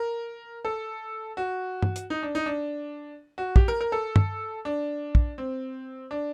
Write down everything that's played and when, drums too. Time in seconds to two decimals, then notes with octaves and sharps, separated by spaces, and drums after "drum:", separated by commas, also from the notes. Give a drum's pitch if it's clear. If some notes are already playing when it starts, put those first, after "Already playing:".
Already playing: A#4
0.65 A4
1.37 F#4
1.82 drum: tom G2
1.96 drum: hi-hat
2.10 D#4
2.23 D4
2.35 D#4
2.46 D4
3.38 F#4
3.56 G4, drum: kick
3.68 A#4
3.81 A#4
3.92 A4
4.16 drum: tom
4.65 D4
5.15 drum: kick
5.38 C4
6.11 D4